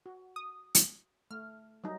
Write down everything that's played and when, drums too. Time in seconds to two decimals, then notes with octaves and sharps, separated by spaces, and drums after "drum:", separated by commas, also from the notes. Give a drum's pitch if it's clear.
0.06 F#4
0.36 D#6
0.75 drum: hi-hat
1.31 A3 F6
1.84 F#3 G3 D#4